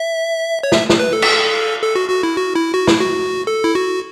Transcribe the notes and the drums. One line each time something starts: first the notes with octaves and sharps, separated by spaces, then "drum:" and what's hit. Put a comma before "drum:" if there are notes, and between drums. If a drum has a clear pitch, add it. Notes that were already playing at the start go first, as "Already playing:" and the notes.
Already playing: E5
C#5
E5, drum: snare
drum: snare
B4
A4
drum: cymbal
A4
F#4
F#4
E4
F#4
E4
F#4
E4, drum: snare
F#4
A4
E4
F#4